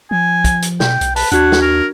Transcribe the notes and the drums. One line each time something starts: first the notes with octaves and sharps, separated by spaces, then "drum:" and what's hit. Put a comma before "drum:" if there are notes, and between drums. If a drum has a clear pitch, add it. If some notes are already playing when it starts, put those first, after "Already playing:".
F3 G#5
drum: kick, hi-hat
drum: hi-hat
B2 G5, drum: snare
B1, drum: hi-hat
B4 A5, drum: open hi-hat
D#2 D4 F#4 F#5 G#6, drum: hi-hat
drum: snare
A#4